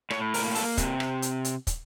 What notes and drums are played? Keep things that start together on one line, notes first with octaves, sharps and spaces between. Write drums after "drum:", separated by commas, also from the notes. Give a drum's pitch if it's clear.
A2 C#5, drum: rim click
A#4, drum: open hi-hat
A#3
A4, drum: open hi-hat
C3, drum: kick, hi-hat
drum: rim click
drum: hi-hat
drum: hi-hat
drum: kick, hi-hat